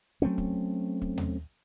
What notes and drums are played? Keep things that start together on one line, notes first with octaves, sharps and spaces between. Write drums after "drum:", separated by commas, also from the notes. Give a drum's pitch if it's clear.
F#3 A3 C4 C#4
drum: kick
drum: kick
drum: tom D#2